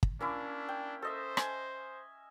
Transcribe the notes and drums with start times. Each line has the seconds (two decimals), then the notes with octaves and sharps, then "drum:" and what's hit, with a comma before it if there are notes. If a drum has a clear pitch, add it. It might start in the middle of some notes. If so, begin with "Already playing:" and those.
0.03 drum: kick
0.20 A#3 C#4 D4 E4
0.69 G5
1.02 A4 C5 D#5 E5
1.37 G#5, drum: rim click